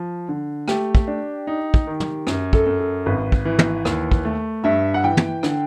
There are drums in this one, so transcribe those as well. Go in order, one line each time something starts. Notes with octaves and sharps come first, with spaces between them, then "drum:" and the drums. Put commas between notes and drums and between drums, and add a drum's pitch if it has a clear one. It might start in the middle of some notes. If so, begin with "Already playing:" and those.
Already playing: F3
D3
A3 G4, drum: rim click
drum: kick
D4
D#4
drum: kick
D#3
drum: tom
F#2, drum: rim click
A4, drum: kick
F#2
A4
G#1 B4
drum: kick
E3
drum: tom
D#2, drum: rim click
drum: kick
A3
G2 E5
F#5
E3 G5
drum: tom
D3, drum: rim click